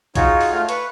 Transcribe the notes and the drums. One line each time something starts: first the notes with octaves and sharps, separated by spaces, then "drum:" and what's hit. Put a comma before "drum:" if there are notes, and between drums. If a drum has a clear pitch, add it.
D#4 F4 F#4 G#4 C#5, drum: kick B1, hi-hat
drum: open hi-hat
A3 F4 F6
B4 C#6, drum: hi-hat